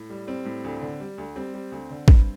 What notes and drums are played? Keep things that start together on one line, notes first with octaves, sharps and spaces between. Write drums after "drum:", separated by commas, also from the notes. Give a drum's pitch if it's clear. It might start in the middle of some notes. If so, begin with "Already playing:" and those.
Already playing: A2
G3
G3 C4
A2
D2
D3
G3
D2
G3 C4
G3
D2
D3
G2, drum: kick A1